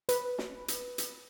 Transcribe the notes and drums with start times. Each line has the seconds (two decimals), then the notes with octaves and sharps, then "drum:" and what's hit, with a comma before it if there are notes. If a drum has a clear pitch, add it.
0.09 B4, drum: hi-hat
0.38 drum: snare
0.68 drum: hi-hat
0.98 drum: hi-hat